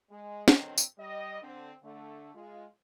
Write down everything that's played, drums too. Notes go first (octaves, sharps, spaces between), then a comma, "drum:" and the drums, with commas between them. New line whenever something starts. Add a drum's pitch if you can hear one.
G#3
B2 D3 D#3 F#3 C4, drum: snare
drum: tambourine
G3 D#5
D3 C4
D3 A3
G#3 F4